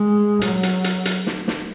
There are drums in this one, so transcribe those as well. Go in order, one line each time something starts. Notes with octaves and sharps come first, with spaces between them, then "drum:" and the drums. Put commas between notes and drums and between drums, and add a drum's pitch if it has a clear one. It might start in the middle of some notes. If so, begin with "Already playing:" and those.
Already playing: G#3
F#3, drum: hi-hat
drum: hi-hat
drum: hi-hat
drum: hi-hat
drum: snare
drum: snare